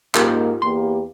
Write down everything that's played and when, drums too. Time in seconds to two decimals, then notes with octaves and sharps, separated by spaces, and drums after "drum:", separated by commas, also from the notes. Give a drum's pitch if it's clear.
0.15 G#2 A#3 F4 G4 A#4, drum: clap
0.62 E2 A#3 G4 C6